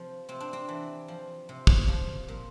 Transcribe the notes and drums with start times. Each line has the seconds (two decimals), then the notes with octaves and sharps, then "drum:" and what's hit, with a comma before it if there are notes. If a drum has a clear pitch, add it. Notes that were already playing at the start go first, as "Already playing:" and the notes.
Already playing: C3 F3
0.29 C3 C4
0.40 D4
0.53 C4
0.68 E3
1.08 F3
1.49 C3
1.67 drum: kick
1.88 F3
2.28 A#2